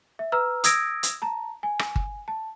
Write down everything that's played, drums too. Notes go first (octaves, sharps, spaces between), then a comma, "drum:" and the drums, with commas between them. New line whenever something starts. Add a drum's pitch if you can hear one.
E5
B4 A#5 E6 F6
D#6 E6 G#6 A#6 D7, drum: hi-hat
drum: hi-hat
A5 A#5
G#5
drum: rim click
drum: kick G1
A5